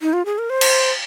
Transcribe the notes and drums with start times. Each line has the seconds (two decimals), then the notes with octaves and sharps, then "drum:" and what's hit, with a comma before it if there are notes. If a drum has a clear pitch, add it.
0.01 D#4
0.13 F4
0.25 G#4
0.38 A#4
0.50 C5
0.61 drum: cymbal